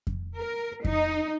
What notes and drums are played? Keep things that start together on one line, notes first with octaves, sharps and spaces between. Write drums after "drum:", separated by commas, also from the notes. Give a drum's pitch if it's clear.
drum: kick F2
A#4
D#4, drum: kick F2